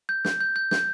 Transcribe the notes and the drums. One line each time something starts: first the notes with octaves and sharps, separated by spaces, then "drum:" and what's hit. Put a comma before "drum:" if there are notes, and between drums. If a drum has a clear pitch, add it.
G6
G6, drum: snare
G6
G6
G6, drum: snare